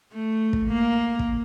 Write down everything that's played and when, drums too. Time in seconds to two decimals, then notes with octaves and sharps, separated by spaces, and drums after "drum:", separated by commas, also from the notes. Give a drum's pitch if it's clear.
0.13 A3
0.53 drum: kick
0.68 A#3
1.19 drum: kick